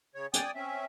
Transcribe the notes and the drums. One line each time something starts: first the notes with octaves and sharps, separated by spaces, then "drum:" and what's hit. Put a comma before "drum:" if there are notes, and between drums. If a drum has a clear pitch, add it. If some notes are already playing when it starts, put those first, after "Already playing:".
C#3 C#5
D5 G5 G#5 D#6, drum: hi-hat
C4 C#4 E5